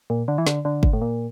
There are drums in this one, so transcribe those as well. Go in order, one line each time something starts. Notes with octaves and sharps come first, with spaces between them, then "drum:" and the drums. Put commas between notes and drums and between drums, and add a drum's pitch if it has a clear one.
A#2
D3
E3
D3, drum: snare
D3
drum: kick G1
A2
A#2